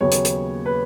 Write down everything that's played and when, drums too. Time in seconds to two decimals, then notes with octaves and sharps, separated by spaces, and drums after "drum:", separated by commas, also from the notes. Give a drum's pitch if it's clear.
0.01 D#2 C#3 F#3 B3 C#5
0.12 drum: hi-hat
0.25 drum: hi-hat
0.65 B4